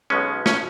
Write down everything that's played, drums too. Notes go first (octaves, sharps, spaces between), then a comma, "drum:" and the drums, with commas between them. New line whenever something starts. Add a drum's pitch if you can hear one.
B1 B2 G#3 B3 C#4
C#4, drum: snare